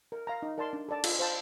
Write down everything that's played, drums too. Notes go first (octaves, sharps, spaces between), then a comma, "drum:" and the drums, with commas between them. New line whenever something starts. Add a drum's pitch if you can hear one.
A#4
F5 A#5
D#4
A#4 D5 A5 C6
D4
A4 D5 A5
F4, drum: cymbal
C5 F5 A5